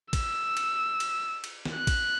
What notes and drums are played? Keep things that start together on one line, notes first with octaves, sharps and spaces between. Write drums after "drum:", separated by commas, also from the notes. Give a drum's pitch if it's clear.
E6, drum: kick, cymbal
drum: cymbal
drum: cymbal
drum: cymbal
drum: snare
F#6
drum: kick, cymbal